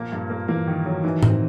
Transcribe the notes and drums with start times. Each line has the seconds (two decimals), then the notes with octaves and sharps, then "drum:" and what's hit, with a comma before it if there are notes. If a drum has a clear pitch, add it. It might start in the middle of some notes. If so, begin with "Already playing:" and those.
Already playing: A#2 F3 A#3
0.12 G2
0.30 A#3
0.48 E3 A#3
0.68 D#3
0.86 F#3
1.04 D#3 E3
1.23 C4, drum: tom A2
1.32 D#3